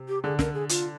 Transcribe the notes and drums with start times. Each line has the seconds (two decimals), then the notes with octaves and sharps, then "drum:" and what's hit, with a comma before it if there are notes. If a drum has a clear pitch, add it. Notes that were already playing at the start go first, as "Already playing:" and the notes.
Already playing: C3
0.08 G4
0.24 D3 G#4
0.39 A#4, drum: snare
0.54 G#4
0.69 F4, drum: hi-hat